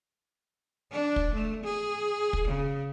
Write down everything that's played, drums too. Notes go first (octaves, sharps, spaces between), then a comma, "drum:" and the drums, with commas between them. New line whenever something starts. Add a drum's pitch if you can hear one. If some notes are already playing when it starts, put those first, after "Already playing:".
D4
drum: kick
A3
G#4
drum: kick
C#3